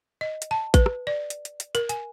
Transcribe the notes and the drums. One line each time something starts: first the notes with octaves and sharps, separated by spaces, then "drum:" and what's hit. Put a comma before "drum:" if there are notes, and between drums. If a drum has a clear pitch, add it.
D#5
drum: hi-hat
A5
B4, drum: kick A1, hi-hat
drum: rim click
D5
drum: hi-hat
drum: hi-hat
drum: hi-hat
A#4, drum: hi-hat
G#5, drum: hi-hat